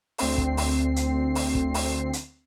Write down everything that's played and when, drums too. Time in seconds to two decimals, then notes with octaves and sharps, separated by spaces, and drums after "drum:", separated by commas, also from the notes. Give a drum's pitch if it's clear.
0.18 D2 C4 C7, drum: open hi-hat
0.38 drum: kick
0.57 drum: open hi-hat
0.96 drum: hi-hat
1.35 drum: open hi-hat
1.55 drum: kick
1.74 drum: open hi-hat
2.13 drum: hi-hat